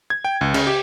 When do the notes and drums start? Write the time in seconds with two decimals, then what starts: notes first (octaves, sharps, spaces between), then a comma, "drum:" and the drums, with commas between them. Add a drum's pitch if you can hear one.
0.10 G#6
0.25 G5
0.41 C#2
0.54 C#3, drum: cymbal
0.67 G4